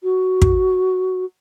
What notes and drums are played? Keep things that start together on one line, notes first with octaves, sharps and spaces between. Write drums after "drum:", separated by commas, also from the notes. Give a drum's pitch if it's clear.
F#4
drum: kick